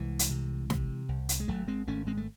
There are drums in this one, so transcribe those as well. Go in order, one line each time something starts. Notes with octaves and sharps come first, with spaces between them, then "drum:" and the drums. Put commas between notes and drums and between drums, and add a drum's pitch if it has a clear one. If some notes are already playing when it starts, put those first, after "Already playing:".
Already playing: C2 E3 G#3
drum: hi-hat
C3
C3, drum: snare
C2
drum: hi-hat
G#3
G#1 F#3 A3
G#3 C4
G#1 A3 C#4
G#3 C4
A3